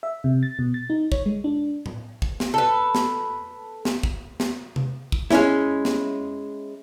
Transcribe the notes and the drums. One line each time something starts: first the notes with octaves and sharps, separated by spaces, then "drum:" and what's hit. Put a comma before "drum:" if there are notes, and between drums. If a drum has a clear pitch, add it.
E5
C3
A6
B2
A6
D#4
C#5, drum: kick
G#3
D4
drum: tom A2
drum: kick
drum: snare
A4 B4
drum: snare
drum: snare
drum: kick
drum: snare
drum: tom C3
drum: kick
G#3 C#4 E4, drum: snare
drum: snare